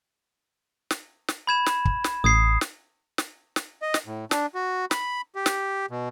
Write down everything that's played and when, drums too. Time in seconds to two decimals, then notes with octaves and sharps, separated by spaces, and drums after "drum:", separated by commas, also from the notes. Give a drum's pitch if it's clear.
0.91 drum: snare
1.28 drum: snare
1.47 B5 G#6 E7
1.66 drum: snare
1.85 drum: kick
2.04 drum: snare
2.24 A1 D#6 G#6 C7
2.61 drum: snare
3.18 drum: snare
3.56 drum: snare
3.82 D#5
3.94 drum: snare
4.07 A2
4.31 D4, drum: snare
4.55 F#4
4.91 B5, drum: snare
5.35 G4
5.46 drum: snare
5.91 B2